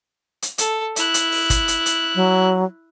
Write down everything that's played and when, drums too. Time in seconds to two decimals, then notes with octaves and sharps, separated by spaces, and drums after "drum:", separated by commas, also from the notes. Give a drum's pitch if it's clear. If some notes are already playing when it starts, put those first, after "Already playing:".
0.42 drum: hi-hat
0.58 A4, drum: hi-hat
0.96 E4 F#6, drum: hi-hat
1.14 drum: hi-hat
1.32 drum: open hi-hat
1.50 drum: kick, hi-hat
1.68 drum: hi-hat
1.86 drum: hi-hat
2.15 F#3